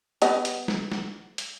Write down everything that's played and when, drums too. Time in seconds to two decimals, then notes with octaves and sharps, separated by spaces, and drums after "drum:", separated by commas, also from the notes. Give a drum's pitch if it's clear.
0.22 G3 B3 D#5, drum: hi-hat
0.45 drum: hi-hat
0.68 drum: snare
0.92 drum: snare
1.38 drum: hi-hat